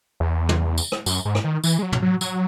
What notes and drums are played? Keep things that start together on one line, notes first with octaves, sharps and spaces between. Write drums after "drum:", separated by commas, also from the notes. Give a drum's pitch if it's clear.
E2
drum: tom
drum: tambourine
drum: rim click
F#2, drum: tambourine
G#2
drum: rim click
D#3
E3, drum: tambourine
G#3
F#3
drum: tom
F#3
F#3, drum: tambourine